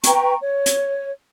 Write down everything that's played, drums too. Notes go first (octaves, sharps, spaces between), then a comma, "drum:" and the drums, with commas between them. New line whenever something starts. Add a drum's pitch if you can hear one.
B4 G5 A#5 C#6, drum: hi-hat
C#5
drum: hi-hat